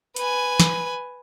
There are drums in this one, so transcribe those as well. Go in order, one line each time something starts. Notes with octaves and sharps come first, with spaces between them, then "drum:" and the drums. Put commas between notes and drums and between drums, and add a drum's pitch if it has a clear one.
B4 G#5, drum: hi-hat
drum: snare